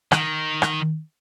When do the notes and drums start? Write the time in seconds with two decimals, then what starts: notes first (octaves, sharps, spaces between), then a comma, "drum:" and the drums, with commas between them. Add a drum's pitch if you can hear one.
0.12 D#3, drum: rim click
0.62 drum: rim click